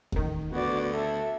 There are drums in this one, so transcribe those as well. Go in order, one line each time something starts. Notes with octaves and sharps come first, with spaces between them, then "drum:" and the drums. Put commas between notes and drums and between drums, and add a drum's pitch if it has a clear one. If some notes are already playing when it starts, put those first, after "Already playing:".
A1 D#3, drum: kick D#2
D2 B3 F#4 D5
A4 E5